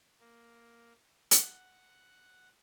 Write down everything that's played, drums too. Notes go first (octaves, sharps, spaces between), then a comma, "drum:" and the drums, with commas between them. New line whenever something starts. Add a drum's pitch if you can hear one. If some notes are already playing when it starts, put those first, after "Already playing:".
A#3
F#5, drum: hi-hat